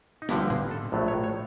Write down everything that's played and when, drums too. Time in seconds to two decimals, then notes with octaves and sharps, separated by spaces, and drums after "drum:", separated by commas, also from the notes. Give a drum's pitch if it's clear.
0.22 D#4
0.29 G1 G2 D3 F3 E4, drum: snare
0.50 G#4, drum: tom A2
0.71 A4
0.92 A#1 A2 F#3 A3
1.08 C#5
1.24 C#5